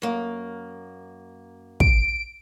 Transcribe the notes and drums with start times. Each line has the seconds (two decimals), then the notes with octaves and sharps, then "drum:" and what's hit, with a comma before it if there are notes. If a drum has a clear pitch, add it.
0.02 F#2 A#3
1.80 D7, drum: kick